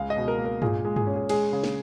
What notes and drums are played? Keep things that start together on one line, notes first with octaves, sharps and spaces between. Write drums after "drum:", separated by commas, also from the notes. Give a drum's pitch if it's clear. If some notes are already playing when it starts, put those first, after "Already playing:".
Already playing: C#2 G#3 F5
D#5
B2
A#4
A#3
A#4
A#2 G#4, drum: tom G2
G#3
G#4, drum: tom G2
C#4
G#4
G#3 G#4, drum: cymbal
C#3
drum: snare